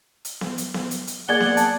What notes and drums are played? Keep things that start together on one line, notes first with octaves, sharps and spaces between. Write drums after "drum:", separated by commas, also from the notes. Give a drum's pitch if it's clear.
drum: hi-hat
drum: snare B3
drum: hi-hat
drum: snare B3
drum: hi-hat
drum: hi-hat
A#3 G#4 D5 F#5 G#6 G7
drum: snare B3
A5, drum: hi-hat